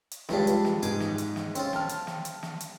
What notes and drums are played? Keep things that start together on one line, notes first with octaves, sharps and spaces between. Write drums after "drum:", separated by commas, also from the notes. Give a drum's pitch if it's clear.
drum: hi-hat
C#2 G2 F3 D4 F4, drum: snare
drum: hi-hat
drum: snare
G#2 G#4 D6, drum: hi-hat
drum: snare
drum: hi-hat
drum: snare
C4 C#4 F4, drum: hi-hat
G5 A5 F6, drum: snare
drum: hi-hat
drum: snare
drum: hi-hat
drum: snare
drum: hi-hat